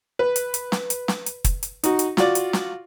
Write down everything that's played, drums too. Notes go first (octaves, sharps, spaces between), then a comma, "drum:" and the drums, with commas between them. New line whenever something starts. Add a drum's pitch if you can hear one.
B4
drum: hi-hat
drum: hi-hat
drum: snare
drum: hi-hat
drum: snare
drum: hi-hat
drum: kick, hi-hat
drum: hi-hat
D#4 F#4, drum: hi-hat
drum: hi-hat
F4 F#4 D5, drum: snare
drum: hi-hat
drum: snare